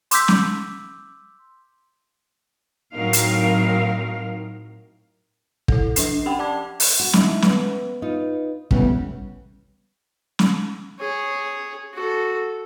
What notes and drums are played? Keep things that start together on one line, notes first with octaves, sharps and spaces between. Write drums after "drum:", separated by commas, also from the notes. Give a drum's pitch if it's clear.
C6 D6 E6 G6 B6, drum: hi-hat
drum: snare
A2 F#3 C4 D#4 A#4 F5
drum: hi-hat
E4 A4, drum: kick
F3 D4 C7, drum: hi-hat
C#4 G4 F#5 G5 B5
D5 A5 D6 G#6
drum: open hi-hat
F#4
D#4 E4, drum: snare
B3, drum: snare
D#4 F4 B4
C#3 E3 G3 A3 B3 C#4, drum: kick
drum: snare
G#4 C#5
F#4 A4